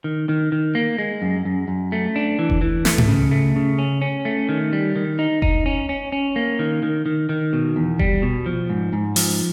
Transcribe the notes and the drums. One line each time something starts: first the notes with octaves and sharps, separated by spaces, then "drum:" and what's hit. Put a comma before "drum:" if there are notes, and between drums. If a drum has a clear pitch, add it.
D#3
D#3
D#3
A#3
G#3
F#2
F#2
F#2
A3
D4
E3
drum: kick F1
E3
A3, drum: snare
drum: tom G#2
C#3
A3
C#3
C#4
C#4
A3
D#3
G3
D#3
D#4
D#4, drum: kick F1
C#4
C#4
C#4
A#3
D#3
D#3
D#3
D#3
B2
E2
G3, drum: kick F1
B2
F3
G#2
G#2
F3, drum: open hi-hat